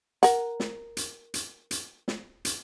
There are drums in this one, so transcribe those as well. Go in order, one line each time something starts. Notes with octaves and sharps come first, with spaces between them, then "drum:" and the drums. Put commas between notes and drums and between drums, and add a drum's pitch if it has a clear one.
A#4 F#5, drum: hi-hat
drum: snare
drum: hi-hat
drum: hi-hat
drum: hi-hat
drum: snare
drum: hi-hat